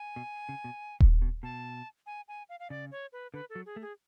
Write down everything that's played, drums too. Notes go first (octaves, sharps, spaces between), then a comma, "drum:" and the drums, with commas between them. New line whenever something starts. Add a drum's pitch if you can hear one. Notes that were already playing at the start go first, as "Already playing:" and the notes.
Already playing: G#5
B2
C#3
B2
A2, drum: kick D#1
B2
B2 A5
G#5
G#5
F5
F5
C#3 D5
C#5
B4
D3 B4
A4
F#3
G#4
A3
G#4